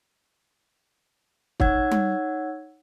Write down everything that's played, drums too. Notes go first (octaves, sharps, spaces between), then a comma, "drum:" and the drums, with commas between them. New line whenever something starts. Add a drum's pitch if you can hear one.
D#4 C#5 F#5 E6 G#6, drum: kick
drum: tom G3